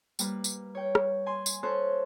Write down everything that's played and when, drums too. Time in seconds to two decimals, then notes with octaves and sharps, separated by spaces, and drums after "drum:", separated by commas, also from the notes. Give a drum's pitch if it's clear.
0.19 G3 A#3 B4, drum: tambourine
0.44 drum: tambourine
0.75 C#5 G5
0.95 drum: rim click
1.26 G#5 C6
1.46 drum: tambourine
1.63 C#4 A4 C5 C#5 C6 F#6